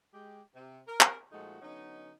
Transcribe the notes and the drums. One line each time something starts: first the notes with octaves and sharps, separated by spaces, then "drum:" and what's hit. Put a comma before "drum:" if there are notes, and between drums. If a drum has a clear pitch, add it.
G#3 G4
C3
A#4
drum: clap
A#2 F3 G#3 A3 D#4 F#4
D3 F#3 B3 C#4 D#4